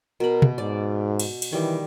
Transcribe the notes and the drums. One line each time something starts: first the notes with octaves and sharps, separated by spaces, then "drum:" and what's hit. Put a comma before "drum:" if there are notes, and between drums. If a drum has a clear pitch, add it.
B2 A#4 B5
drum: tom B2
G#2 D5
drum: cymbal
drum: cymbal
D#3 E3 G3